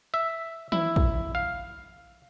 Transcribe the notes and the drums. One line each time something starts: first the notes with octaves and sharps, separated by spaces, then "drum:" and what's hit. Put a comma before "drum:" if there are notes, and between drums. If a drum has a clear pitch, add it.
E5
E4, drum: tom
drum: kick
F5